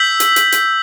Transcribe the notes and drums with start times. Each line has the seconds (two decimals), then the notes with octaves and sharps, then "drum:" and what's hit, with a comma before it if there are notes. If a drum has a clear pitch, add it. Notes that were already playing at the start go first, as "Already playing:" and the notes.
Already playing: E6 G6 B6 F#7
0.20 drum: hi-hat
0.36 drum: hi-hat
0.52 drum: hi-hat